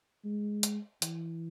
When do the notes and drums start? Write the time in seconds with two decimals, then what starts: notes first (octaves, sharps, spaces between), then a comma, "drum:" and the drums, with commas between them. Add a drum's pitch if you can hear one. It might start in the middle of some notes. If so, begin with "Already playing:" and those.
0.24 G#3
0.63 drum: hi-hat
1.02 E3, drum: hi-hat